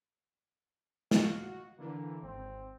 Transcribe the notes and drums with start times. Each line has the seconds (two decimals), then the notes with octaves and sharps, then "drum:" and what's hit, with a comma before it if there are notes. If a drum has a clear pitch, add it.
1.11 F#4 F5, drum: snare
1.79 D3 E3 A#3
2.22 G#1 C4